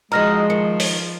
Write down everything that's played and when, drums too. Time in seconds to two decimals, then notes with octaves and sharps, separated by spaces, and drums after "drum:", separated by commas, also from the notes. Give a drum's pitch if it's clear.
0.12 F3 G#3 D#4 F#4 D#5 A#5 F6 A#6
0.50 D#3 C#7
0.80 drum: open hi-hat